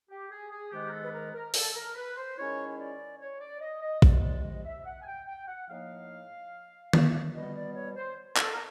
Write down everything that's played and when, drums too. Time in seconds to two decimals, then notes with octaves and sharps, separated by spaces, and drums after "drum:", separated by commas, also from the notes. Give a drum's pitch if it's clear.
0.10 G4
0.31 G#4
0.50 G#4
0.71 G#2 D#3 G#3 B3 G4
0.88 A#4
0.92 A4
1.03 B4
1.13 A#4
1.34 A#4
1.54 A4, drum: open hi-hat
1.74 A#4
1.95 B4
2.16 C5
2.37 D#3 G#3 C#4 E4 C#5
2.69 C#5
2.79 D5
3.20 C#5
3.40 D5
3.61 D#5
3.82 D#5
4.02 C3 F3 G#3 D5, drum: kick A#1
4.23 D5
4.44 D#5
4.65 E5
4.85 F#5
5.01 G#5
5.06 G5
5.27 G5
5.47 F#5
5.68 A2 F3 A#3 D#4 F5
6.93 drum: tom D#3
7.33 B2 G3 B3 D#5
7.54 D5
7.75 C#5
7.96 C5
8.37 A4, drum: clap
8.53 A#4